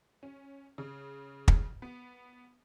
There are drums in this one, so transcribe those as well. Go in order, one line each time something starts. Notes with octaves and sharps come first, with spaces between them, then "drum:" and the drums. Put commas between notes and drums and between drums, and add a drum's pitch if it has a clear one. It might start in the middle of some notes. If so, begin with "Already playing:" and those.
C#4
C#3
drum: kick
B3